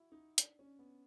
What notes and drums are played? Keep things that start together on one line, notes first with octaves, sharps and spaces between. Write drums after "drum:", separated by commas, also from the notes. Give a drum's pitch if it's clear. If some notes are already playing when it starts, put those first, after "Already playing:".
Already playing: E4 F#4
D#4
D4, drum: hi-hat
C#4
B3